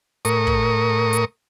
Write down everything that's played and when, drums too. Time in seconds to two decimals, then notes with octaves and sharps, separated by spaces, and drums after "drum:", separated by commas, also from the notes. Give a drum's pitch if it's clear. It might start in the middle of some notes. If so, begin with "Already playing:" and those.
0.25 A2 A#4 C#6 D#6, drum: hi-hat
0.47 drum: kick
1.13 drum: hi-hat